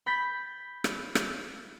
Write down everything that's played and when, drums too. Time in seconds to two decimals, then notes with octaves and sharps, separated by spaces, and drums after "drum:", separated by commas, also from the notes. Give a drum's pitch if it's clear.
0.06 B5 G6 A6 B6
0.84 drum: rim click
1.15 drum: rim click